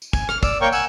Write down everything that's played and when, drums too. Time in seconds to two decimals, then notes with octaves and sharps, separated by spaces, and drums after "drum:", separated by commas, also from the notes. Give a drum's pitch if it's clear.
0.02 drum: tambourine
0.13 G#5, drum: kick, tambourine
0.29 F6, drum: rim click
0.43 D5 E6, drum: kick, tambourine
0.61 A#3 A#4 C#5 G5 C#6
0.73 F#5 G#5 E6, drum: tambourine